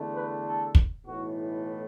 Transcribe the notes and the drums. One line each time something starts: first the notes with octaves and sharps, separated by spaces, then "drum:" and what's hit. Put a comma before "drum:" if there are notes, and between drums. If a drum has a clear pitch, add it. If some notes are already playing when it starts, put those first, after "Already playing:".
Already playing: E2 D3 A3
B4
A4
drum: kick
B1 A2 E3 A3 F#4